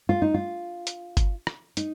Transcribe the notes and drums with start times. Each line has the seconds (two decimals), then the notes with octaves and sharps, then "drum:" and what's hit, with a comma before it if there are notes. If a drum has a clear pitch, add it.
0.09 F4
0.22 D#4
0.34 F4
0.87 drum: hi-hat
1.17 drum: kick G1, hi-hat
1.47 drum: rim click
1.77 D#4, drum: hi-hat